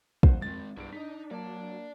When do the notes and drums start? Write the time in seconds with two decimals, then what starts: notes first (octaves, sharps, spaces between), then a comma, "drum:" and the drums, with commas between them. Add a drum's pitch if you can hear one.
0.23 F2 C5 F#5, drum: kick
0.42 G#3 C4 A6
0.77 B1 G2 E4 G#4 D7
0.93 D4 D#4 D#5 B6
1.31 F#3 A#3 D5 A5